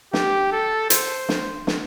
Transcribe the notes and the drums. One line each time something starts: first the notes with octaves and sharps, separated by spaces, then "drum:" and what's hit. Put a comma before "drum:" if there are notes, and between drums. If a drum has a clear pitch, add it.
G4, drum: snare
A4
C5, drum: hi-hat
drum: snare
drum: snare